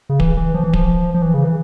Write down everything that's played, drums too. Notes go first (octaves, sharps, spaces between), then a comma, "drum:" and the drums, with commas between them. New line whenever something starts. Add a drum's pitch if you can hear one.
C#3
E3, drum: kick D1
E3
F3
E3
F3, drum: kick D1
F3
E3
C#3
E3